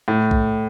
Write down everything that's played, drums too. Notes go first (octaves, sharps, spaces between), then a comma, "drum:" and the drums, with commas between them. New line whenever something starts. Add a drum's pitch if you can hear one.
A2
drum: kick A#1